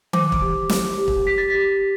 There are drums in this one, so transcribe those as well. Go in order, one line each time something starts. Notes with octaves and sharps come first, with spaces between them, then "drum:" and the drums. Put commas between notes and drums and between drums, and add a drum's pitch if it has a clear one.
C5 D6, drum: tom D#3
drum: kick
G4
C5, drum: snare
G4
drum: kick
G4 B6
A6
G4 B6